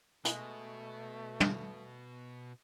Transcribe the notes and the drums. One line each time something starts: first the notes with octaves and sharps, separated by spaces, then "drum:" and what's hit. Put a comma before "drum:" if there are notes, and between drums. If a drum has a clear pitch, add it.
B2 G#3 A3, drum: hi-hat
drum: tom